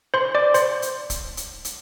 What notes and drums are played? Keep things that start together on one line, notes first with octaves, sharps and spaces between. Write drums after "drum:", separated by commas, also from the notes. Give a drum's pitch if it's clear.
C5 C6
D5 D6
C5 C6, drum: hi-hat
drum: hi-hat
drum: kick C#1, hi-hat
drum: hi-hat
drum: hi-hat